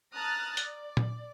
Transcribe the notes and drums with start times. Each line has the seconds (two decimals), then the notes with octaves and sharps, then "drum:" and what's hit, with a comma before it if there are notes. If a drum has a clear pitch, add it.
0.13 A5 A#5 D#6 F6 F#6 A6
0.57 D5, drum: hi-hat
0.97 drum: tom